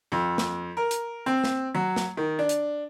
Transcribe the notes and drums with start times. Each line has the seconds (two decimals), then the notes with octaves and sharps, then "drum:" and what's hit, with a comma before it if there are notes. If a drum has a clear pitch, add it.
0.12 F2
0.38 drum: snare
0.77 A#4
0.91 drum: hi-hat
1.26 C4
1.44 drum: snare
1.75 F#3
1.96 drum: snare
2.17 D#3
2.39 D4
2.49 drum: hi-hat